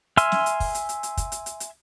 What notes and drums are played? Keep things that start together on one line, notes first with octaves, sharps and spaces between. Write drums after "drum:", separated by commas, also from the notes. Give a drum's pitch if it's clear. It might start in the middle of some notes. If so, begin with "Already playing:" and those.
E5 G#5 C6 E6 F6, drum: hi-hat
drum: snare
drum: hi-hat
drum: kick, open hi-hat
drum: hi-hat
drum: hi-hat
drum: hi-hat
drum: kick, hi-hat
drum: hi-hat
drum: hi-hat
drum: hi-hat